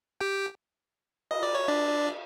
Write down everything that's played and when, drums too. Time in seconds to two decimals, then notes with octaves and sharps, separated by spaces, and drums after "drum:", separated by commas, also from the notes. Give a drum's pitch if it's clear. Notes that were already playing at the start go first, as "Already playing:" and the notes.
0.20 G4 G5
1.31 D#5, drum: cymbal
1.43 D5
1.55 C#5
1.68 D4 D5